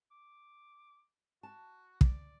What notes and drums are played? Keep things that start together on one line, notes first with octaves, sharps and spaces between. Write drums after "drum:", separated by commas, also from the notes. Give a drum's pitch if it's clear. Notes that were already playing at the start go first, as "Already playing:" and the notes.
D6
F#4 A5
D5, drum: kick